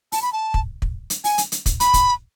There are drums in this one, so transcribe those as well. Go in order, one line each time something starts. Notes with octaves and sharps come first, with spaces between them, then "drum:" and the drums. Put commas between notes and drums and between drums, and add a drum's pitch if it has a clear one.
A5, drum: open hi-hat
B5
A5
drum: kick
drum: kick
drum: hi-hat
G#5, drum: open hi-hat
drum: hi-hat
drum: hi-hat
drum: kick, hi-hat
B5, drum: hi-hat
drum: kick, hi-hat